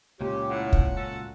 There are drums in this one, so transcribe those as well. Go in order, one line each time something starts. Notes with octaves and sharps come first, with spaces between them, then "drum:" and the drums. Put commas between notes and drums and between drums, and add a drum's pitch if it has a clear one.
C#2 A#2 C#4 G4
A2 F#5
drum: kick
C#4 F#4 A4